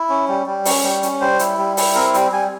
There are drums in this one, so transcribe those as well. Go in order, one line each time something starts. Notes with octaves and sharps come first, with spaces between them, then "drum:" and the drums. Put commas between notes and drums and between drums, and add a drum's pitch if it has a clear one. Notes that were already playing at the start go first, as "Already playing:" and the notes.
Already playing: E4
C#4
G3
G3
C#4, drum: open hi-hat
G3
C#4, drum: hi-hat
G3 C5
E4, drum: hi-hat
G3
E4, drum: open hi-hat
C4 A#4
G3, drum: hi-hat
G3 G#5